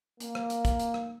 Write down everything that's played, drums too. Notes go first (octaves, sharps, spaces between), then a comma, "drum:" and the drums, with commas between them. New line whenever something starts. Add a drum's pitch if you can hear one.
A#3, drum: hi-hat
drum: rim click
drum: hi-hat
drum: kick, hi-hat
drum: hi-hat
drum: rim click